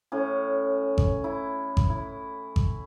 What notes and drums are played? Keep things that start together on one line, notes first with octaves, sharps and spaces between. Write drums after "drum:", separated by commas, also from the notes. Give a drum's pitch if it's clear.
A2 C#4
drum: kick G#1
E4
drum: kick G#1
E4
drum: kick G#1